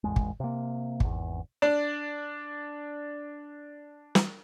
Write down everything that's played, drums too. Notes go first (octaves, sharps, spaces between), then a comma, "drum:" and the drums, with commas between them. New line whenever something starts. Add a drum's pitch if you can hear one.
A1 E2 G#3
drum: kick
C3 A#3
G#1 E2, drum: kick
D4 D5
drum: snare